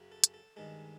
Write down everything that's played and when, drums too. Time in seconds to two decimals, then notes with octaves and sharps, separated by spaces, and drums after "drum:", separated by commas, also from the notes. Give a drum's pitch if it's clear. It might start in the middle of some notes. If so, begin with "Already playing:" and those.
Already playing: F#2 C#3 F#3
0.12 A4
0.24 drum: hi-hat
0.34 A4
0.56 G2 D#3 G#3 A4